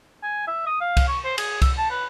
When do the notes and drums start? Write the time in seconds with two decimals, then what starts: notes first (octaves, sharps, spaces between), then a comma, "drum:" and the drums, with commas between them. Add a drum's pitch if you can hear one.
0.23 G#5
0.48 E5
0.67 D#6
0.81 F5
0.97 drum: kick C2, cymbal
1.08 C#6
1.25 C5
1.38 G#4, drum: cymbal
1.62 E6, drum: kick C2, cymbal
1.78 A5
1.90 B4